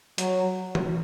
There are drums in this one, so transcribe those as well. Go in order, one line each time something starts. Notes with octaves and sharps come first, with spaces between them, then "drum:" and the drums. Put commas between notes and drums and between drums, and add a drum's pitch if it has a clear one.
F#3, drum: hi-hat
drum: tom E3